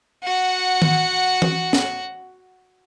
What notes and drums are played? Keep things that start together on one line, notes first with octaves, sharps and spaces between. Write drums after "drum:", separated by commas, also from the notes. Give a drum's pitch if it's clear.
F#4 F#5
drum: tom D#3
drum: tom E3
drum: snare